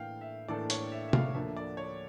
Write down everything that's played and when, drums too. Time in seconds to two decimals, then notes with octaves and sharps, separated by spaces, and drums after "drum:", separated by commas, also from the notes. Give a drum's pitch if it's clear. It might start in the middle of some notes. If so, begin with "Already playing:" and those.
Already playing: A2 E3 A#3 D4 A4 F5 G5
0.21 E5
0.48 A2 E3 A#3 D4 A4 D5
0.70 C#5, drum: hi-hat
0.92 E5
1.08 E5
1.13 F5, drum: tom C3
1.34 D2 D3 F3 A#3 E5
1.57 D5
1.77 C#5